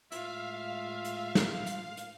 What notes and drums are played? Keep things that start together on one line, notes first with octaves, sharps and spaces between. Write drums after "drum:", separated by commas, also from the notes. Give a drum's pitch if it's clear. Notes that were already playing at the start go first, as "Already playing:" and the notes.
A2 G#3 F4 E5 F5, drum: hi-hat
drum: hi-hat
drum: snare
drum: hi-hat
drum: hi-hat